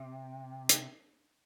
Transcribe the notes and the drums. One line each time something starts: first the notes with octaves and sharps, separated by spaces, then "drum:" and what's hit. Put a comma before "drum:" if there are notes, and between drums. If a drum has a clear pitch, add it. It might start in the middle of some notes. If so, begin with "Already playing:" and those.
Already playing: C3
drum: hi-hat